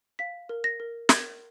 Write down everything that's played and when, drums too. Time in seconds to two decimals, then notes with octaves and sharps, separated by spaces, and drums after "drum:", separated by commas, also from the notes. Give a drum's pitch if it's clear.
0.19 F5 B6
0.49 A#4
0.64 A#6
0.80 A#4
1.09 A#4 G#6, drum: snare